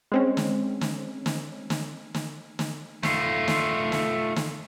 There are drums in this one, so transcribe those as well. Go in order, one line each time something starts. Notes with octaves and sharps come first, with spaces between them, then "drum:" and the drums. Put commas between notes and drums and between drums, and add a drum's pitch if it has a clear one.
G#3 C4 C#4
drum: snare
drum: snare
drum: snare
drum: snare
drum: snare
drum: snare
A3 F4, drum: snare
drum: snare
drum: snare
drum: snare